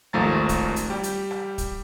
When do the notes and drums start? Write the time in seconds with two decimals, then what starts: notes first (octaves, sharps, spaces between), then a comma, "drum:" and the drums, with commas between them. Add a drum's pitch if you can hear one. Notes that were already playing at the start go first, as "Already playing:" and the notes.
0.13 G#1 D#2 F3 A3 A#5 A6
0.49 drum: kick, hi-hat
0.76 drum: hi-hat
0.90 G3 G4
1.03 drum: hi-hat
1.31 drum: rim click
1.58 drum: kick, hi-hat